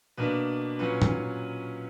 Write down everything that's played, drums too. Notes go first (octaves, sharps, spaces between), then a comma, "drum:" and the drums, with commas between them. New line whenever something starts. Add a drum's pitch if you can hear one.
B2 A#3 D4 B4
A#2 F#3 C#4 B4
drum: tom G2